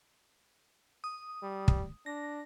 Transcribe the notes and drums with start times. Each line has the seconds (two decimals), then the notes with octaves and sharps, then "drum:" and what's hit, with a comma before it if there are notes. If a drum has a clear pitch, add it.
1.04 D#6
1.42 G3
1.68 drum: kick
2.06 D4 A#6